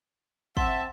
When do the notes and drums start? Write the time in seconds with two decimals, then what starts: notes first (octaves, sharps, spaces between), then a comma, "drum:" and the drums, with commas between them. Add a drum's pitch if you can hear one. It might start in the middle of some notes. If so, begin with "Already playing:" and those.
0.57 C4 E5 F#5 A5 C6, drum: kick